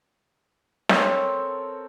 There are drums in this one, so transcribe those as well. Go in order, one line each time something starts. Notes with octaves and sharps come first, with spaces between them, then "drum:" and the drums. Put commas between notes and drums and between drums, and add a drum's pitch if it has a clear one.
C4 A4 A#4 C#5, drum: snare